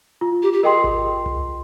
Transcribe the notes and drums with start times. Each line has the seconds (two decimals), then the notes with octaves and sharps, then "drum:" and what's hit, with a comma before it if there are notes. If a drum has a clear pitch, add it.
0.21 F4
0.42 G4
0.53 G4
0.63 G#4 A#4 D#5 G5 C6
0.84 drum: kick G#1
1.26 drum: tom C2